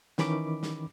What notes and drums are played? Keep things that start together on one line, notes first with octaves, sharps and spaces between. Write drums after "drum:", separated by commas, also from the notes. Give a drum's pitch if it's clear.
D#3 E3 C#4 B5 D6, drum: snare
drum: snare